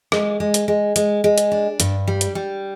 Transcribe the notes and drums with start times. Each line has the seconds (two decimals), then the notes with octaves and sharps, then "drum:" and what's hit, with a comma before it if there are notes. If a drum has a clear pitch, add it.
0.12 G#3, drum: rim click
0.40 G#3
0.54 drum: hi-hat
0.68 G#3
0.96 G#3, drum: hi-hat
1.24 G#3
1.38 drum: hi-hat
1.52 D4
1.80 G2, drum: hi-hat
2.08 G3
2.21 drum: hi-hat
2.35 G3